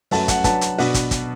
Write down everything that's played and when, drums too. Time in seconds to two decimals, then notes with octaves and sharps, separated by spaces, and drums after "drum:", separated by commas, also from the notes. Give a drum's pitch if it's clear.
0.11 F#2 F#3 A3 F#4 B4 A5, drum: open hi-hat
0.28 F#5, drum: kick, hi-hat
0.44 F#3 D4 B4 A5, drum: kick, hi-hat
0.61 drum: hi-hat
0.78 B2 B3 D4 F#4 B4, drum: open hi-hat
0.94 drum: kick, hi-hat
1.11 drum: kick, hi-hat